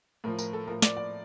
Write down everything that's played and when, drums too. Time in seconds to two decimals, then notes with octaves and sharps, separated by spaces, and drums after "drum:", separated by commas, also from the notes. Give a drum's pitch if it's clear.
0.24 A2 F3 A#4
0.39 A#4, drum: tambourine
0.53 A4
0.67 A2 F3 A#4
0.82 D5, drum: snare
0.97 D5